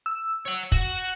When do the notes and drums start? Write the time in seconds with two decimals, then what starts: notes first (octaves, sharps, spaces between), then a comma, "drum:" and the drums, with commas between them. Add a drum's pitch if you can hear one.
0.06 E6
0.45 C#5 F#5
0.72 F#4, drum: kick